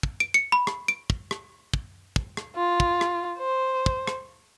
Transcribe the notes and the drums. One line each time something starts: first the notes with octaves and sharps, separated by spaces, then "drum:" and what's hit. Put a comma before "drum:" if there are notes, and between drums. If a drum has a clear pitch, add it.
drum: kick
D7
C#7
B5
drum: rim click
D7
drum: kick
drum: rim click
drum: kick
drum: kick
drum: rim click
F4
drum: kick
drum: rim click
C5
drum: kick
drum: rim click